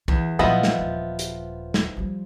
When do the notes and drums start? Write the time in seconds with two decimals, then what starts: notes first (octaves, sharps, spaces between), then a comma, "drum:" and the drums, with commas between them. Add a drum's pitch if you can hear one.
0.08 E2 E3, drum: kick
0.39 A#2 F3 F#3 B3 E4 F4 D#5
0.63 drum: snare
0.79 D#1
1.19 drum: hi-hat
1.74 drum: snare
1.97 F3 G3